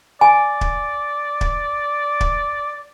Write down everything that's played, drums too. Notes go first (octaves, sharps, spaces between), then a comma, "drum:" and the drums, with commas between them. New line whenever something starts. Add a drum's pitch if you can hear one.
D5 G#5
drum: kick
drum: kick
drum: kick